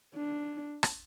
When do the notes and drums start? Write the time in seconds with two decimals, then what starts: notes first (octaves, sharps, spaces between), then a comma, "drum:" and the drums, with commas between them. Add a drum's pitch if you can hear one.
0.15 D4
0.83 drum: rim click